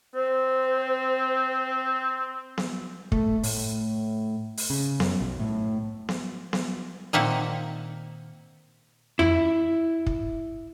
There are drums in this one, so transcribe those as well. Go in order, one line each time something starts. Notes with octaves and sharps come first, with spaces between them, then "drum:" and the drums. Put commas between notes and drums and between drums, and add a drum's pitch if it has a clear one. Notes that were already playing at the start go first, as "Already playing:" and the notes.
C4 C5
drum: snare B3
A3, drum: kick
A2, drum: open hi-hat
drum: open hi-hat
C#3
F#2, drum: snare B3
B1
A2
drum: snare B3
drum: snare B3
A#2 D#3 A#3 C4 E5 F#5
E4, drum: tom F2
drum: kick